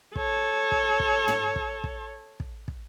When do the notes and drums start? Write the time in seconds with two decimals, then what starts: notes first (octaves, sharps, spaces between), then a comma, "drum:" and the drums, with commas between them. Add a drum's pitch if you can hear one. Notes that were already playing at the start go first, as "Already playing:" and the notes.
0.16 A4 C#5, drum: kick
0.72 drum: kick
1.00 drum: kick
1.28 drum: tom
1.56 drum: kick
1.84 drum: kick
2.40 drum: kick
2.68 drum: kick